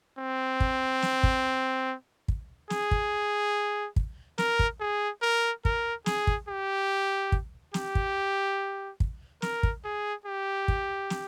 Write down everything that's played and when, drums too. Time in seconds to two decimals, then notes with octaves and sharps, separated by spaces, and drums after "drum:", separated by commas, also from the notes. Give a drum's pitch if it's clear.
0.19 C4
0.60 drum: kick
1.02 drum: snare
1.23 drum: kick
2.28 drum: kick
2.70 G#4, drum: snare
2.91 drum: kick
3.96 drum: kick
4.38 A#4, drum: snare
4.59 drum: kick
4.80 G#4
5.22 A#4
5.65 A#4, drum: kick
6.06 G#4, drum: snare
6.27 drum: kick
6.49 G4
7.32 drum: kick
7.74 G4, drum: snare
7.95 drum: kick
9.00 drum: kick
9.42 A#4, drum: snare
9.63 drum: kick
9.84 G#4
10.26 G4
10.68 drum: kick
11.10 drum: snare